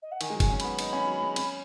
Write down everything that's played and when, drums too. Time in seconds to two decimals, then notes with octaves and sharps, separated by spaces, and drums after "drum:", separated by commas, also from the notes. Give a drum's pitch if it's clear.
0.02 D#5
0.11 F#5
0.21 D#3 G#5, drum: cymbal
0.30 G#3
0.35 F#3
0.40 G#5, drum: kick F#1, cymbal
0.50 C#4
0.60 B3 B5, drum: cymbal
0.79 D#4, drum: cymbal
0.93 C#4
1.07 F#3
1.22 G#3
1.36 C#4, drum: cymbal